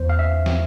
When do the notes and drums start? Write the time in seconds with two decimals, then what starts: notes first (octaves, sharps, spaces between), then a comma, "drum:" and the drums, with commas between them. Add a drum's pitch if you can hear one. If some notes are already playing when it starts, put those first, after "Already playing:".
Already playing: E2 C5
0.09 F5
0.19 E5
0.46 drum: snare